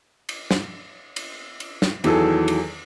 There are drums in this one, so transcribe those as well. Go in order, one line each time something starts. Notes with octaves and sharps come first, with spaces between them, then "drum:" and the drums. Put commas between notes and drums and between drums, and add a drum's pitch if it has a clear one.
drum: cymbal
drum: snare
drum: cymbal
drum: cymbal
drum: snare
E2 D#3 E3 F#3 G#4 A4, drum: cymbal
drum: cymbal